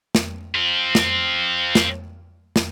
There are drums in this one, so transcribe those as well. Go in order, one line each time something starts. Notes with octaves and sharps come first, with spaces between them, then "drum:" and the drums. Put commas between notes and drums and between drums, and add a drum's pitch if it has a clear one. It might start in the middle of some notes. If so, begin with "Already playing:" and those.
drum: snare
C4 F4
drum: snare
drum: snare
drum: snare